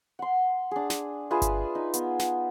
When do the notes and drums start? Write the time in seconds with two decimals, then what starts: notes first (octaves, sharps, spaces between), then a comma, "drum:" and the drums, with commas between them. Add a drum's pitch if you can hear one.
0.19 F#5 C6
0.71 D4 G#4
0.90 drum: snare
1.31 F4 G#4 B4 E5
1.42 drum: kick G1, hi-hat
1.75 D#4
1.94 B3, drum: hi-hat
2.19 drum: snare